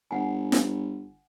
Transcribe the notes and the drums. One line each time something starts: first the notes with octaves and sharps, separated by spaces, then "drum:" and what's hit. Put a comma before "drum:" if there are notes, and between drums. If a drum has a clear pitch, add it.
G1 F#5 G#5
drum: snare